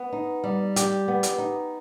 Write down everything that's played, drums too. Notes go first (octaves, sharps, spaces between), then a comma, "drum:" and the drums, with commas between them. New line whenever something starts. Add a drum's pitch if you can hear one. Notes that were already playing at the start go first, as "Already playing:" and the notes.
Already playing: B3
D#4
G3
G4, drum: hi-hat
B3
drum: hi-hat
D#4